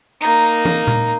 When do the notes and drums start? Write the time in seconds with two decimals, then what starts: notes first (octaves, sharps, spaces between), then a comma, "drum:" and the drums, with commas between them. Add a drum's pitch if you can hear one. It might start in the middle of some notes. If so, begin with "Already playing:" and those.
0.21 A#3 D#4
0.65 drum: tom
0.87 drum: tom A#2